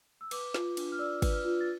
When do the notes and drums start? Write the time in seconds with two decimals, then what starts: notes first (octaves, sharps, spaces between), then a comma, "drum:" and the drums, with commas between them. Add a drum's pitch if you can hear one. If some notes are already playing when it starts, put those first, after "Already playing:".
0.21 E6
0.31 B4 D6, drum: cymbal
0.54 F4, drum: snare
0.77 D4, drum: cymbal
0.92 F6
0.99 D5 E6
1.22 B4, drum: kick, cymbal
1.34 F6
1.45 F4
1.61 A6